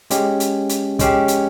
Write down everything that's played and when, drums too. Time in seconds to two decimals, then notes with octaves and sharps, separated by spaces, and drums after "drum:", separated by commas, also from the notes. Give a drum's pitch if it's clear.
0.10 G#3 C#4 G4, drum: hi-hat
0.40 drum: hi-hat
0.69 drum: hi-hat
0.99 G#3 C#4 G4, drum: kick, hi-hat
1.28 drum: hi-hat